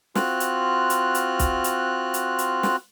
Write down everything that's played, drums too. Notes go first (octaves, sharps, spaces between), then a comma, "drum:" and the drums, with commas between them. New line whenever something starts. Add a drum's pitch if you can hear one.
C4 F4 F#4 F6 F#6, drum: snare
drum: hi-hat
drum: hi-hat
drum: hi-hat
drum: kick B1, hi-hat
drum: hi-hat
drum: hi-hat
drum: hi-hat
drum: snare